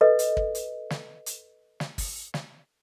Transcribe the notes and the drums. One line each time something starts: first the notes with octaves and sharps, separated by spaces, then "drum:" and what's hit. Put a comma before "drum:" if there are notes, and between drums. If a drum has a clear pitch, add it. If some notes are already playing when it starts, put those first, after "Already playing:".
A4 B4 D#5
drum: hi-hat
drum: kick
drum: hi-hat
drum: snare
drum: hi-hat
drum: snare
drum: kick, open hi-hat
drum: snare